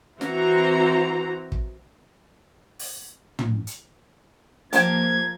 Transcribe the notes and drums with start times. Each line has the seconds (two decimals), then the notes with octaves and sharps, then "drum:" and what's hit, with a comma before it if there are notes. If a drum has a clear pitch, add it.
0.21 E3 C4 F#4 A#5, drum: snare
1.52 drum: kick
2.79 drum: open hi-hat
3.39 drum: tom
3.67 drum: hi-hat
4.73 F3 A#3 G4 C5 G5 G#6, drum: hi-hat